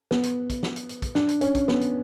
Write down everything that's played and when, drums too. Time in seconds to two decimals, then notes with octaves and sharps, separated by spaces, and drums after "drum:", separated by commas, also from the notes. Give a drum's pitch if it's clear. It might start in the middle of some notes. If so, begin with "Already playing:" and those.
0.11 B3, drum: snare
0.23 drum: hi-hat
0.50 drum: kick, hi-hat
0.63 drum: snare
0.76 drum: hi-hat
0.89 drum: hi-hat
1.02 drum: kick, hi-hat
1.15 D4, drum: snare
1.29 drum: hi-hat
1.41 C#4, drum: hi-hat
1.55 drum: kick, hi-hat
1.68 B3, drum: snare
1.81 drum: hi-hat